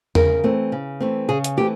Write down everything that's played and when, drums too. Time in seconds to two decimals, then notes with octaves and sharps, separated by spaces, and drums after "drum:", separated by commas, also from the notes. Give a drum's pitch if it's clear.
0.15 C#3 A#4, drum: tom E2
0.44 E3 A3 C4
0.72 C#3
1.01 E3 A3 C4
1.29 C#3 G#4
1.44 drum: hi-hat
1.57 E3 A3 C4 G4